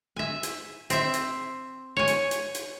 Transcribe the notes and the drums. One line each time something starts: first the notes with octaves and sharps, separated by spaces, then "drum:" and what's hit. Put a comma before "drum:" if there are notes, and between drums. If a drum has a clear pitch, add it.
E5 G#5
drum: hi-hat
C4 E5, drum: hi-hat
drum: hi-hat
C#5 G#5
drum: hi-hat
drum: hi-hat
drum: hi-hat